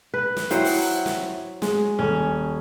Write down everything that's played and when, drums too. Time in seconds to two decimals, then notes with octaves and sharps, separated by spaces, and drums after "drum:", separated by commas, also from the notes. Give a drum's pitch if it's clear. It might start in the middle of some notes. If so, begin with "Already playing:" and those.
0.14 B4
0.37 drum: snare
0.50 F#3 E4 C5 F#5 G5, drum: hi-hat
0.64 drum: open hi-hat
1.06 drum: snare
1.62 G#3, drum: snare
1.99 D#1 C#4